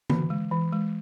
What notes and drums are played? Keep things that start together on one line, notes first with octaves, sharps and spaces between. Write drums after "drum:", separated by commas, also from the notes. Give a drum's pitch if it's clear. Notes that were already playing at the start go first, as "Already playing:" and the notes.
E3, drum: tom D3
G#3
E3
G#3